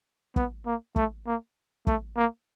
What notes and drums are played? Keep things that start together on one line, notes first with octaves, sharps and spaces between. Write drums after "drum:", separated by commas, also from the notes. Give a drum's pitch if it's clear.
B3, drum: kick
A#3
A3, drum: kick
A#3
A3, drum: kick
A#3